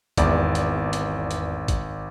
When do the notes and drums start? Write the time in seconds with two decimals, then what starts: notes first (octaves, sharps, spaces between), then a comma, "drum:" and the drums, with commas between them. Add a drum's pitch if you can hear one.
0.17 G#1 E2 D5, drum: kick, hi-hat
0.55 drum: hi-hat
0.93 drum: hi-hat
1.31 drum: hi-hat
1.68 drum: kick, hi-hat